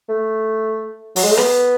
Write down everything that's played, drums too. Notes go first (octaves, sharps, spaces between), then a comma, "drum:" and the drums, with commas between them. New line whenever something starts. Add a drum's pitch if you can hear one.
A3
F#3, drum: open hi-hat
G#3
A3
B3, drum: rim click